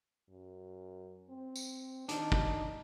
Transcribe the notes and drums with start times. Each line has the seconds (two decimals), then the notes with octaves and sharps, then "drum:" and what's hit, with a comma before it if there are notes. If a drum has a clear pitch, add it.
0.29 F#2
1.30 C4
1.56 drum: tambourine
2.09 D#3 D4 D#4, drum: hi-hat
2.32 drum: kick